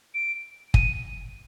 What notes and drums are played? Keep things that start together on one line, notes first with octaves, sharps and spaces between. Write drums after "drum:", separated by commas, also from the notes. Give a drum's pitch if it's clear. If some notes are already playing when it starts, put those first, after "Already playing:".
D7
D#7, drum: kick